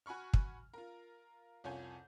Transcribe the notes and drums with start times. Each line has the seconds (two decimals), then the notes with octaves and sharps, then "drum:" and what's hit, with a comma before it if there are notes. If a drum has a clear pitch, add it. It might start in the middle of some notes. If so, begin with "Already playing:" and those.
0.06 F#4 G#5 B5 C#6 F6
0.34 drum: kick
0.73 F4 A#4
1.64 C2 F2 F4 C#5 G#5 G6